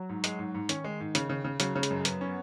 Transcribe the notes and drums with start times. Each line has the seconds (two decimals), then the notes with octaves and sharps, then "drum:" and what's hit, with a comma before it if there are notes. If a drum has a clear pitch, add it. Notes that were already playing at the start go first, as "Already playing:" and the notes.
Already playing: F#3
0.09 G#2
0.24 G#3, drum: hi-hat
0.39 G#2
0.55 G#2
0.69 D#3 C#4, drum: hi-hat
0.84 G#3
1.00 G#2
1.15 C#3, drum: hi-hat
1.29 C#3
1.45 C#3
1.60 C#3 F#3, drum: hi-hat
1.76 C#3
1.83 G#3, drum: hi-hat
1.91 F#2
2.00 G#3
2.05 F#2 B3, drum: hi-hat
2.21 C#4